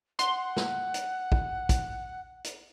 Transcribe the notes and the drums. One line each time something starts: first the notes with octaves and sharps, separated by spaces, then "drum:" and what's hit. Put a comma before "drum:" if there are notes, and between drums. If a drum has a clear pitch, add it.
F#5 C6, drum: hi-hat
drum: snare
drum: hi-hat
drum: kick
drum: kick, hi-hat
drum: hi-hat